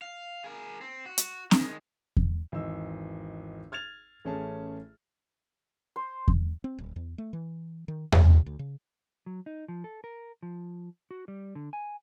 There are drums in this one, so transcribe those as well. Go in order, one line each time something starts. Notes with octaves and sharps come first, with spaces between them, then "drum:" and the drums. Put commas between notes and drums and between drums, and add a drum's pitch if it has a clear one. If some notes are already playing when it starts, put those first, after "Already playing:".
F5
G#4 A#4
C4
F#4
drum: hi-hat
D#3 G#3, drum: snare C4
drum: kick E2
G#1 E2 D#5 E6
F6 G#6 A6 F7
A1 A3 C#4 G#4 A5
C5
drum: kick E2
C4
D1
E2
A3
E3
D#3
C3, drum: tom E2
D2
C#3
F#3
D#4
F3
A4
A#4
F3
F#4
G3
D3
G#5